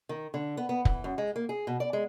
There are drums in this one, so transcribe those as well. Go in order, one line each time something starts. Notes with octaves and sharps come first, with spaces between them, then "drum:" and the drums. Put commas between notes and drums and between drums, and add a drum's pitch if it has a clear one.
D#3
D3
B3
B3
E3, drum: kick
F#2
G#3
A#3
G#4
B2
D5
G#3